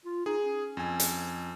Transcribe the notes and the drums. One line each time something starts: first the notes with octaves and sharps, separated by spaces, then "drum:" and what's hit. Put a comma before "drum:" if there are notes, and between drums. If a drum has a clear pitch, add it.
F4
D#4 G#4
C#4
F2 G#5
drum: hi-hat